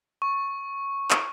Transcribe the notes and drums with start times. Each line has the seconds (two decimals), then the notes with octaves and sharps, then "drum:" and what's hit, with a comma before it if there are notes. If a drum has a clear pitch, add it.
0.22 C#6
1.11 drum: clap